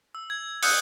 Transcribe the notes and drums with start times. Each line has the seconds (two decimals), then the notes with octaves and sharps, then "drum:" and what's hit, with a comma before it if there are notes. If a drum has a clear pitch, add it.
0.15 E6
0.30 G#6
0.63 D#6 E6 F#6 G6 C#7, drum: open hi-hat